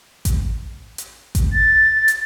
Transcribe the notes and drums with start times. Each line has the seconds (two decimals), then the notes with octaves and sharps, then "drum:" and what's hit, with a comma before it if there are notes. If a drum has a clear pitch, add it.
0.25 drum: kick A1, hi-hat
0.98 drum: hi-hat
1.35 drum: kick A1, hi-hat
1.53 A6
2.08 drum: hi-hat